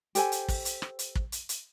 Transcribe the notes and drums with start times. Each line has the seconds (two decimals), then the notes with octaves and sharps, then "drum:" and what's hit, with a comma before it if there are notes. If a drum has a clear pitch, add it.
0.15 G4 A4 C5 G#5, drum: hi-hat
0.32 drum: hi-hat
0.48 drum: kick, open hi-hat
0.65 drum: hi-hat
0.82 drum: rim click
0.99 drum: hi-hat
1.15 drum: kick
1.32 drum: hi-hat
1.49 drum: hi-hat